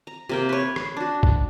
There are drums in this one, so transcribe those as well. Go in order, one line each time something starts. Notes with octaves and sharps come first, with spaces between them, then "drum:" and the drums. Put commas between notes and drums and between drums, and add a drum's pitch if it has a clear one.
A#5
C3 A#3 G5
B4 C#5
drum: rim click
D4 F#4
drum: kick A1